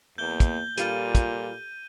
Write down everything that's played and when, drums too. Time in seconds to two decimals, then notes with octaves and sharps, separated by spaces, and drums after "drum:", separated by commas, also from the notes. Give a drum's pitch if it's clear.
0.18 E2 E3 A#3 G6 G7
0.40 drum: kick, hi-hat
0.78 A#2 G3 F4 G4 A4 D#7 G7, drum: hi-hat
1.15 drum: kick, hi-hat